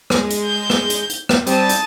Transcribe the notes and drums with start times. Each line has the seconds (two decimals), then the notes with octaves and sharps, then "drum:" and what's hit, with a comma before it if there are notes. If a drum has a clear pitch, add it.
0.10 G#3, drum: rim click
0.30 drum: hi-hat
0.45 G6
0.70 drum: rim click
0.90 drum: hi-hat
1.10 drum: hi-hat
1.29 drum: rim click
1.46 G3 C4 A5 D#6, drum: hi-hat
1.69 drum: hi-hat